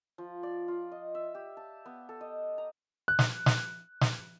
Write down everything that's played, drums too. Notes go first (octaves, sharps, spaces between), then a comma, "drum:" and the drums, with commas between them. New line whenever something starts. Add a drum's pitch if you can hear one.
F3
D5
F4
D#5
E5
G4
A5
B3
A4
D#5
A#5
F#6
drum: snare
drum: snare
drum: snare